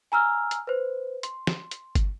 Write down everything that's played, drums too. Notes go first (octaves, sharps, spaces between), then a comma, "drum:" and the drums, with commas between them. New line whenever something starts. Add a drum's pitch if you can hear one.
G#5 A#5 E6 F6
drum: hi-hat
B4 C5
C6, drum: hi-hat
drum: snare
drum: hi-hat
drum: kick G1, hi-hat